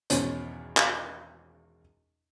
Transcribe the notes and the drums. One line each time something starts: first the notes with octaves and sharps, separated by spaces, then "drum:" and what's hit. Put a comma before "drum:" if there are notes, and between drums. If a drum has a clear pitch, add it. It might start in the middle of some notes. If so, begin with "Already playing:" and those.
G#1 E2 B2 C#4 C5 C#5, drum: hi-hat
drum: clap